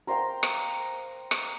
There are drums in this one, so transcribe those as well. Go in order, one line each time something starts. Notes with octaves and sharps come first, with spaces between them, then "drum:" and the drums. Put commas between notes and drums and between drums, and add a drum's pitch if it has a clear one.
A#4 C5 F5 G5
drum: rim click
drum: rim click